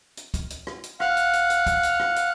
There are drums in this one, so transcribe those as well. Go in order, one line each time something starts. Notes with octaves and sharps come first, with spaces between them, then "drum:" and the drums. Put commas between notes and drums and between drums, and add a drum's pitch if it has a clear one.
drum: hi-hat
drum: kick D2, hi-hat
drum: hi-hat
drum: rim click
drum: hi-hat
F5 F#5, drum: rim click
drum: hi-hat
drum: hi-hat
drum: hi-hat
drum: kick D2, hi-hat
drum: hi-hat
drum: rim click
drum: hi-hat